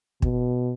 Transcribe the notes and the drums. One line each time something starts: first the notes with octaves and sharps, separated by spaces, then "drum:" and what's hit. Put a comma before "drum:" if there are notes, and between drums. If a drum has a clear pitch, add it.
B2, drum: kick